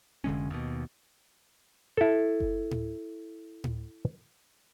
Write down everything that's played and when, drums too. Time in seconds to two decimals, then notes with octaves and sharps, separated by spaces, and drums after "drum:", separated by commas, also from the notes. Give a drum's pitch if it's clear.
0.24 F1 D3 G#3 C#4
0.50 D#2 B2
1.97 E4 A4
2.40 drum: kick F#1
2.71 drum: tom A2
3.64 drum: tom A2